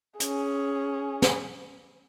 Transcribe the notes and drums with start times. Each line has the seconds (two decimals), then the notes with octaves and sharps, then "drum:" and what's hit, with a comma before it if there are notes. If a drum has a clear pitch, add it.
0.20 C#4 G#4, drum: hi-hat
1.22 drum: snare